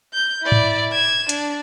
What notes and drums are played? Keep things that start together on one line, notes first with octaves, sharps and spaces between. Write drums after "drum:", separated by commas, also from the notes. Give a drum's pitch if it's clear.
G6
E4 D5
drum: tom G#2
G#6 E7
D4, drum: hi-hat